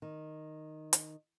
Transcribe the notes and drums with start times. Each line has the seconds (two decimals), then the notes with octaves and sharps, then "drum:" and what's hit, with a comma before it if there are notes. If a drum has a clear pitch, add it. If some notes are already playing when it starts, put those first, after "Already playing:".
0.02 D#3
0.93 drum: hi-hat